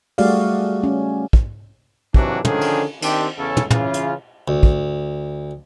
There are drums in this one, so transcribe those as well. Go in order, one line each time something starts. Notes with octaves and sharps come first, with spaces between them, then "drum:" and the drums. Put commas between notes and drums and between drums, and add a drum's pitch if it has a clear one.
G3 A3 F#4 G#4 D5 F5, drum: open hi-hat
C#4
drum: kick
C3 D#3 E3 F#3 D4 F#4, drum: kick
D3 D#3 F3 C#4 D4 G#4, drum: tom
drum: cymbal
D#3 C4 D4 G4, drum: cymbal
E2 C#3 C#4 A4
drum: tom
C#3 E3 F4, drum: tom
drum: hi-hat
D2
drum: kick